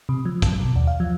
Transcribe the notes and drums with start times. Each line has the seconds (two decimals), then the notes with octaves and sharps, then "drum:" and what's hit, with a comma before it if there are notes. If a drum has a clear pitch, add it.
0.09 C3
0.25 F3
0.42 F#2, drum: kick A#1, hi-hat
0.60 B2
0.75 D#2
0.87 F5
1.00 F3